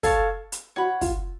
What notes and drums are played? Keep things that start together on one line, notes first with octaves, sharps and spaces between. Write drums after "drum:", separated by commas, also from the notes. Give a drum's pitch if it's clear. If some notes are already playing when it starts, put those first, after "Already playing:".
A4 C#5 F5 A5 C#6, drum: kick, open hi-hat
drum: hi-hat
F#4 C#5 F#5 B5
F4, drum: kick, open hi-hat